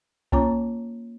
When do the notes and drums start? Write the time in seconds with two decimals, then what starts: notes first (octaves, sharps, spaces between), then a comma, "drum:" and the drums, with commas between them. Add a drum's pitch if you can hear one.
0.32 A#3 C#4 F4 C#5 A#5 D6, drum: kick C2